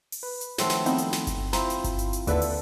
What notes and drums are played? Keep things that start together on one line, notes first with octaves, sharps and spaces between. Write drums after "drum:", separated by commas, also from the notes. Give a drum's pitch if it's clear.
drum: open hi-hat
B4
drum: hi-hat
D#3 F3 F#3 A3 C4 A4, drum: snare
drum: snare
B3 C4 D#4 E4, drum: hi-hat
drum: hi-hat
drum: snare
drum: kick G1, hi-hat
C4 E4 F4 A#5 B5, drum: snare
drum: hi-hat
drum: kick G1, hi-hat
drum: hi-hat
drum: hi-hat
D#2 D3 A4 B4 E5, drum: hi-hat
drum: open hi-hat